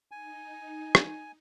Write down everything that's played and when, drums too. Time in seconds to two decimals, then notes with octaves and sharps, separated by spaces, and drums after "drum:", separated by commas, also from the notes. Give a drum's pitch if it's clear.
0.11 D#4 G#5
0.95 drum: rim click